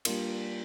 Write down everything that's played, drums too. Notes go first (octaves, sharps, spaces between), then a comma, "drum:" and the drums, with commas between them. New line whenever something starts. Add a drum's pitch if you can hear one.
G3 A#3 D4 F4 A#4, drum: cymbal